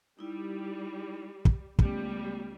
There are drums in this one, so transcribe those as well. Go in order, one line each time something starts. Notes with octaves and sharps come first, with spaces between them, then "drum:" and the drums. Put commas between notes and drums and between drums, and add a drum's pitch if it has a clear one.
G3 D#4 E4
drum: kick
C#2 G3 A3 B3, drum: kick